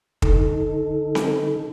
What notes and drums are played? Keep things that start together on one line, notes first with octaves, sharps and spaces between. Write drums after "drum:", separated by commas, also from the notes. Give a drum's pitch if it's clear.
D3 D#4 A4, drum: kick
drum: snare C4